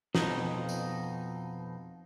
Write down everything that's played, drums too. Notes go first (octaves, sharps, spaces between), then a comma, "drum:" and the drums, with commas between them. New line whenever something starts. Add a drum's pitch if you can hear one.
F2 B2 D#4, drum: snare
drum: tambourine